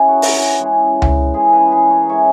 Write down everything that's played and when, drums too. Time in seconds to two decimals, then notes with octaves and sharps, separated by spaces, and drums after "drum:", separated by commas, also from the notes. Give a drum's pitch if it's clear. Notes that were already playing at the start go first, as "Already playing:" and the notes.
Already playing: C#4 E4 G#4
0.08 F#4 A#4
0.22 drum: open hi-hat
0.33 G#4 B4
0.59 E3 G#3 C#4
1.02 drum: tom C#2
1.34 E3 G#3 C#4 G#4 B4
1.53 G#4 B4
1.72 G#4 B4
1.90 A#4 C#5
2.09 E3 G#3 C#4 C#5 E5